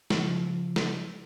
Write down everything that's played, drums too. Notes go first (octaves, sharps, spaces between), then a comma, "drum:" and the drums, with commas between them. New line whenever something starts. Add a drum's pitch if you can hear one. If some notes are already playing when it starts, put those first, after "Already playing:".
C#3 F3, drum: snare
drum: snare